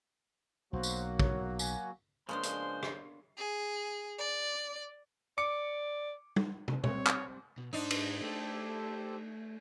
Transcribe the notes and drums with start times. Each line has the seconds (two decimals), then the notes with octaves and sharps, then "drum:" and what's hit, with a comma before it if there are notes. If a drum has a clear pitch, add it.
0.73 B1 F#3 A#3 F#4 C5
0.83 drum: tambourine
1.20 C#5, drum: kick
1.59 G#5, drum: tambourine
2.29 C#3 F3 G#3 A#3 B3 D4 C5 C6
2.43 drum: hi-hat
2.83 drum: rim click
3.38 G#4
4.19 D5
5.38 D5 D6 C#7
6.36 drum: tom
6.68 drum: tom
6.84 G3 C4 C#5, drum: tom
7.07 drum: clap
7.58 B2
7.73 G#2 D4 D#4 C5
7.91 drum: cymbal
8.22 A3 G4 A4 C5